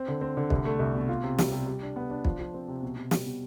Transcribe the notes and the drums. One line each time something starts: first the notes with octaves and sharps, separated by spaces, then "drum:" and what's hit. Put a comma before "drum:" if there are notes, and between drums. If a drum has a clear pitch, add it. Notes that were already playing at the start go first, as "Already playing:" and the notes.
Already playing: C4
D3
C4
D3
C2, drum: kick
A3
C2
B2
F4
C3
G3, drum: snare
C3
G3
D4
B3
D4
F3, drum: kick
F3
C4
C3
B2
B2
G3, drum: snare
B2